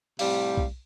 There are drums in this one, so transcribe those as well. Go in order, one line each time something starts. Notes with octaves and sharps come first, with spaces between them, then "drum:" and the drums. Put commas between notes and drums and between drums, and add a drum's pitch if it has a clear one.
A2 C3 G3 F5, drum: open hi-hat
drum: kick B1